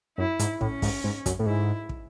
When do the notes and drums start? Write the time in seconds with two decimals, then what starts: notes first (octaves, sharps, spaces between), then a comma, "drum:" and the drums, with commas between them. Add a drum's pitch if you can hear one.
0.18 F#2 E4
0.39 G#2, drum: hi-hat
0.61 A2 C#4, drum: kick
0.82 G#2, drum: kick, open hi-hat
1.04 G#2
1.26 F#2, drum: kick, hi-hat
1.39 A2
1.46 G#2 E4
1.89 drum: kick